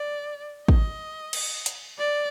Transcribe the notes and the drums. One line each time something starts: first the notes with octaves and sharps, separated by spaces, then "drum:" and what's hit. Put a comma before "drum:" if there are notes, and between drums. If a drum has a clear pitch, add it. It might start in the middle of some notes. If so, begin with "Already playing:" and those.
Already playing: D5
D#5, drum: kick
drum: cymbal
drum: hi-hat
D5